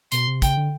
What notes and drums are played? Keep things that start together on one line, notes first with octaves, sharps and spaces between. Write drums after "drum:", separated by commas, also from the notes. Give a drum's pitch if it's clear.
B2 C6, drum: hi-hat
C3
C#3 G5, drum: kick, hi-hat
D3